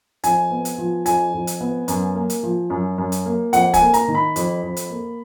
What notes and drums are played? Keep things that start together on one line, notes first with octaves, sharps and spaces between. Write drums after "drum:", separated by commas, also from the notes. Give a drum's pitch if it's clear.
F2 G#5, drum: hi-hat
B3
drum: hi-hat
F3
F2 G#5, drum: hi-hat
F2
drum: hi-hat
B3
F#2, drum: hi-hat
A#3
drum: hi-hat
F3
F#2
F#2
drum: hi-hat
A#3
F2 F#5, drum: hi-hat
G#5, drum: kick, hi-hat
A#3
A#5, drum: hi-hat
D#3
B5
F2, drum: hi-hat
F2
drum: hi-hat
A#3